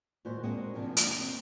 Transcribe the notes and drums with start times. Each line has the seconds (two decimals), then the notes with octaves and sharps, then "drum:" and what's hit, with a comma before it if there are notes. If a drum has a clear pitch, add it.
0.25 D#2 A#2 G#3 F#4 C5
0.43 G#3 A#3 C4 D4 F#4 G#4
0.74 G#2 C3 F3 G#3 D4
0.97 D#2 G#3 F#5, drum: hi-hat
1.20 C4